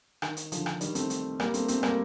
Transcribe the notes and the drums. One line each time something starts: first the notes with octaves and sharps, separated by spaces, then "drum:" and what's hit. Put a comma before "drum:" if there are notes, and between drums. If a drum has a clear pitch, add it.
D#3, drum: rim click
drum: hi-hat
D3 F3, drum: hi-hat
drum: rim click
D#3 G3, drum: hi-hat
A3 C4, drum: hi-hat
drum: hi-hat
G3 A#3, drum: rim click
A3 C4, drum: hi-hat
A3 C4, drum: hi-hat
G3 A#3, drum: rim click